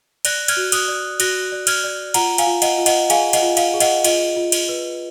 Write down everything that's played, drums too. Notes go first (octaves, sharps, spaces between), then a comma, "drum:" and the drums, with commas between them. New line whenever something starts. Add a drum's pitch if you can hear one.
D5 F#6 A#6, drum: cymbal
F6 G#6, drum: cymbal
F#4
D#6 F#6, drum: cymbal
D5
F#4 F#6 A#6, drum: cymbal
D5
F6 G#6, drum: cymbal
D5
F4 F#5 A#5, drum: cymbal
F5 G#5, drum: cymbal
F4
D#5 F#5, drum: cymbal
F4
D#5 F#5, drum: cymbal
G#4 F5 G#5, drum: cymbal
D#5 F#5, drum: cymbal
F4
F5, drum: cymbal
G#4
D#5 F#5, drum: cymbal
F4 D#5, drum: cymbal
F4
drum: cymbal
B4